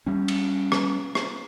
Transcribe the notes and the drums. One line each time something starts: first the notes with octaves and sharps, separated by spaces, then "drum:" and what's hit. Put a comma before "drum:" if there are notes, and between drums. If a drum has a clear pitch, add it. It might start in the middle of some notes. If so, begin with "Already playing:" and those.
G3 C#4
drum: cymbal
drum: rim click
drum: rim click